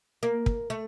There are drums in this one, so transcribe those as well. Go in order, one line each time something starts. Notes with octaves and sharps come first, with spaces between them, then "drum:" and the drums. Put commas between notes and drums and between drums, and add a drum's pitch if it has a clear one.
A#3
drum: kick
A3